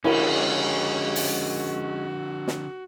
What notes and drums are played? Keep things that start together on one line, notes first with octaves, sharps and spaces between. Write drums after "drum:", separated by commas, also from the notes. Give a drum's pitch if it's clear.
D3 F3 G#3 C#4 E4 F#4 A#4, drum: cymbal
drum: open hi-hat
drum: snare